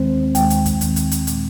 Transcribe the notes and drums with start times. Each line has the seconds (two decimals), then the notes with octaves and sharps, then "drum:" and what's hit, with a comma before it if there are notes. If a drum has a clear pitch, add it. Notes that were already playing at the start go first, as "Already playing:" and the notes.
Already playing: D#2 D#3 G#3 C4 C5
0.35 D#2 D#3 G#3 C4 G5, drum: hi-hat
0.50 drum: hi-hat
0.66 drum: kick, hi-hat
0.81 D#2 D#3 G#3 C4, drum: hi-hat
0.96 drum: hi-hat
1.11 drum: hi-hat
1.27 A#2 G#3 C4, drum: hi-hat